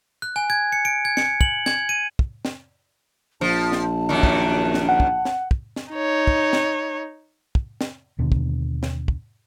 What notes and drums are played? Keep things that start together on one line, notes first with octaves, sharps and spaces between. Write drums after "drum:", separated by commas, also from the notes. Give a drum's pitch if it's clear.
F#6
G#5
G#6
C#7
D7
G#6
C#7, drum: snare
F#7, drum: kick
G#6, drum: snare
D#7
drum: kick
drum: snare
A#1 F3 A5
drum: snare
F#2 D#3
drum: kick
drum: snare
F#5
drum: kick
drum: snare
drum: kick
drum: snare
D#4 C#5
drum: kick
drum: snare
drum: kick
drum: snare
D#2 B2 D3
drum: kick
drum: snare
drum: kick